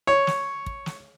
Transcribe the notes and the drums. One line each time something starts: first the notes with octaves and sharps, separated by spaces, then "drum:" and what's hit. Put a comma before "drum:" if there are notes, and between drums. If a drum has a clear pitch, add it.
C#5
drum: snare
drum: kick
drum: snare